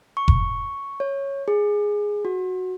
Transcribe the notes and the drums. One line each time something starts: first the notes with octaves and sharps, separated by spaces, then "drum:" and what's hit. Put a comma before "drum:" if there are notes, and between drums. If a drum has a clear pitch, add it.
C#6
drum: kick F1
C#5
G#4
F#4